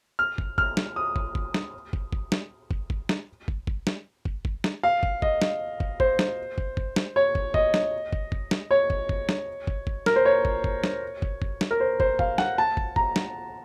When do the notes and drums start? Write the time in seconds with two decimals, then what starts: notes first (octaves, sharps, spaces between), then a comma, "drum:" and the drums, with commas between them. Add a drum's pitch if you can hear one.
0.19 F6
0.38 drum: kick
0.58 F6, drum: kick
0.77 drum: snare
0.96 D#6
1.16 drum: kick
1.35 drum: kick
1.54 drum: snare
1.93 drum: kick
2.13 drum: kick
2.32 drum: snare
2.71 drum: kick
2.90 drum: kick
3.09 drum: snare
3.48 drum: kick
3.67 drum: kick
3.87 drum: snare
4.25 drum: kick
4.45 drum: kick
4.64 drum: snare
4.83 F5
5.03 drum: kick
5.22 D#5, drum: kick
5.42 drum: snare
5.80 drum: kick
6.00 C5, drum: kick
6.19 drum: snare
6.58 drum: kick
6.77 drum: kick
6.96 drum: snare
7.16 C#5
7.35 drum: kick
7.54 D#5, drum: kick
7.74 drum: snare
8.13 drum: kick
8.32 drum: kick
8.51 drum: snare
8.71 C#5
8.90 drum: kick
9.09 drum: kick
9.29 drum: snare
9.67 drum: kick
9.87 drum: kick
10.06 A#4, drum: snare
10.16 C5
10.25 C#5
10.45 drum: kick
10.64 drum: kick
10.84 drum: snare
11.22 drum: kick
11.42 drum: kick
11.61 drum: snare
11.71 A#4
11.80 C5
12.00 C5, drum: kick
12.19 F5, drum: kick
12.38 F#5, drum: snare
12.58 A5
12.77 drum: kick
12.96 A#5, drum: kick
13.16 drum: snare